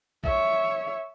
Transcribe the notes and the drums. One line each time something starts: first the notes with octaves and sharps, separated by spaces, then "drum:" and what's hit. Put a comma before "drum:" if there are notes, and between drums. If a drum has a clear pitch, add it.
C#5 E5, drum: kick A#1